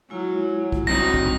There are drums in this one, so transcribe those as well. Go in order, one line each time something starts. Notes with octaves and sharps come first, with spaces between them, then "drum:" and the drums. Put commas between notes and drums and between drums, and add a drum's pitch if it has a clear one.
F#3 G#3 E4 F4
drum: kick
D2 F#3 G3 C4 D#4 F#4 A#6
drum: kick